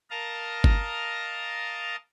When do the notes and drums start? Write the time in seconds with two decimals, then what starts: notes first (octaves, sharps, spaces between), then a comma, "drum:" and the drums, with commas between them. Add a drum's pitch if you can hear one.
0.10 A#4 D#5 F5 A5 A#5
0.64 drum: kick G1